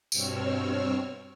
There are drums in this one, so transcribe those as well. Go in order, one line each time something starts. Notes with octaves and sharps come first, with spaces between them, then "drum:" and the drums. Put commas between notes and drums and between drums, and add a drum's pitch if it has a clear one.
G2 B2 C4 C#5 E6 F6, drum: tambourine